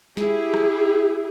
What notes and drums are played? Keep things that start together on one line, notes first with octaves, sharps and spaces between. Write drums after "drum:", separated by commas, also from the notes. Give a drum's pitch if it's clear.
E4 G4 G#4, drum: snare
drum: rim click